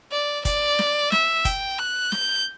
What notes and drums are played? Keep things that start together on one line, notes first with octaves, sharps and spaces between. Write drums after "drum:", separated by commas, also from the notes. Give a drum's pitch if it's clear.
D5
D5, drum: kick, hi-hat
drum: snare
E5, drum: snare
G5, drum: kick, hi-hat
F#6
G6, drum: snare